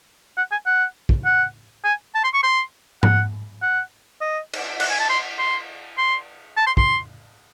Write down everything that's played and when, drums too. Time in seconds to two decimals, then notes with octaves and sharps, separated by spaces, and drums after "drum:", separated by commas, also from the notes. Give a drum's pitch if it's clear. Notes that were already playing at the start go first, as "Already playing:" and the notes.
0.37 F#5
0.52 G#5
0.66 F#5
1.09 drum: kick
1.25 F#5
1.84 G#5
2.15 A5
2.24 C6
2.34 C#6
2.43 C6
3.03 F#5, drum: tom G#2
3.62 F#5
4.21 D#5
4.53 drum: cymbal
4.80 F#5, drum: cymbal
4.90 G#5
5.00 A5
5.09 C6
5.39 C6
5.98 C6
6.57 A5
6.67 C6
6.77 C6, drum: kick